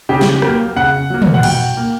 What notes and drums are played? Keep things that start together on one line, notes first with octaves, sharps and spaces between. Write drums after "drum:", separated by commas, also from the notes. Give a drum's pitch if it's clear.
C#3 G4
drum: snare
F#3 A#3, drum: rim click
C#3 F#5
F#3 A#3
drum: tom
F#5
B2 G5, drum: cymbal
A#3